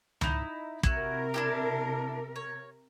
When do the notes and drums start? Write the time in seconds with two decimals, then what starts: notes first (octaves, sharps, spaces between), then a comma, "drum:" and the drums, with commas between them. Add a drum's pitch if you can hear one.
0.21 D#4 E4, drum: tom C#2
0.83 C3 E4 F#4 A#4, drum: kick
1.34 D4 E4 G4
2.36 C#5